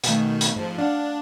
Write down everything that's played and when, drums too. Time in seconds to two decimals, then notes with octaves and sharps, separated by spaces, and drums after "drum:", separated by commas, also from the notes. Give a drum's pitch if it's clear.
0.04 B2 D#3 A3 G#5 G6, drum: hi-hat
0.41 drum: hi-hat
0.56 G#2 F3
0.78 D4 F5 F#5